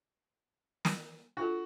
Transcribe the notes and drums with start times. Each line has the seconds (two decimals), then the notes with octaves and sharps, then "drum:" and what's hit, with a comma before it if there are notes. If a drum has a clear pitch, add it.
0.85 drum: snare
1.37 D4 F4 F#4 A4